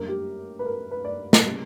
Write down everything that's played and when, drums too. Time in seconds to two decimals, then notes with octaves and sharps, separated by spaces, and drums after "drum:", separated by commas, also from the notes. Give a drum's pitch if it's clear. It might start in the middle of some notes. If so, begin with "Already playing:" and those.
Already playing: F#2 D3 G3 A#3 A#4
0.08 G4
0.59 B4
0.65 A#4
0.91 B4
1.05 D5
1.33 drum: snare
1.43 C#3 G3 A#3